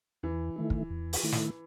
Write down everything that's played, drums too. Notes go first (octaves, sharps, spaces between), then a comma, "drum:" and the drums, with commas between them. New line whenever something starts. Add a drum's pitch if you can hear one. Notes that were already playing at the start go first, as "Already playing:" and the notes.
E2 E3
D#3 A3 E4
drum: kick
E2
drum: open hi-hat
D#3 A3 E4
drum: snare